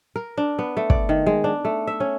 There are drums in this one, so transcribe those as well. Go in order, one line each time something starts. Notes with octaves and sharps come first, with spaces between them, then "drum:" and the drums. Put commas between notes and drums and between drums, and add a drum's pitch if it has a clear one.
A#4
D4
B3
A3
D5, drum: kick
D#3
G#3
D4
A3
E5
C#4